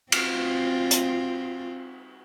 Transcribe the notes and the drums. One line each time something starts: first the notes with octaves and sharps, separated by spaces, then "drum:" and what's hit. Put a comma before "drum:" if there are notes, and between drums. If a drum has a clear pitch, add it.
C4 F4, drum: cymbal
drum: hi-hat